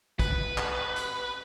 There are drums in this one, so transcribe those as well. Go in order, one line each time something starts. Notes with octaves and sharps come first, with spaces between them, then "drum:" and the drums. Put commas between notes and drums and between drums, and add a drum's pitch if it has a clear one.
B4, drum: kick, hi-hat
drum: clap
drum: hi-hat